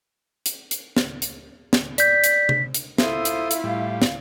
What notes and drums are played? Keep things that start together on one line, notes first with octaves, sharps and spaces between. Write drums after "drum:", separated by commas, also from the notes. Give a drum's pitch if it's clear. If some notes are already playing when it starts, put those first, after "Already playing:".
drum: hi-hat
drum: hi-hat
drum: snare
drum: hi-hat
drum: snare
D5 G6 B6, drum: hi-hat
drum: hi-hat
drum: tom C3
drum: hi-hat
E4 F4 A4 C5 E5 D#6, drum: snare
drum: hi-hat
drum: hi-hat
A2 G3 F5
drum: snare